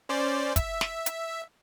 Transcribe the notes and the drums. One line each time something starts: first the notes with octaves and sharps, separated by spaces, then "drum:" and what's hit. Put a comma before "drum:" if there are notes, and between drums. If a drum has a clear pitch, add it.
C#4 C5 D5
E5, drum: kick, hi-hat
drum: snare
drum: hi-hat